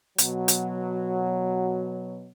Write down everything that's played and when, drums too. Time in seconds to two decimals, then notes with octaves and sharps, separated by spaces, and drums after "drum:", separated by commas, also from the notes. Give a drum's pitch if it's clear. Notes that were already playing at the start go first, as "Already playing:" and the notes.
0.18 B2 F#3, drum: hi-hat
0.48 drum: hi-hat